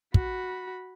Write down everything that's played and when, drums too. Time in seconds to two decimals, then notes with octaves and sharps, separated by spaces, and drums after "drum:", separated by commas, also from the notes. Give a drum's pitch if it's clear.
0.14 F#4 B5, drum: kick